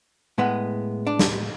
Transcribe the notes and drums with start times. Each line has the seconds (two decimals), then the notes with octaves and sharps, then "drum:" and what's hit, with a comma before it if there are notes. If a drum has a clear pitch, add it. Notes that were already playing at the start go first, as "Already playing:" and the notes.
0.38 A2 G#3 B3
1.07 D4
1.19 drum: snare